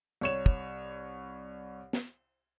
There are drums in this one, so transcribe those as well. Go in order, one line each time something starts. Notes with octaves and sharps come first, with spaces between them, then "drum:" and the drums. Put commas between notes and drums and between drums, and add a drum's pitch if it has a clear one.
C2 C#5 E7
drum: kick
drum: snare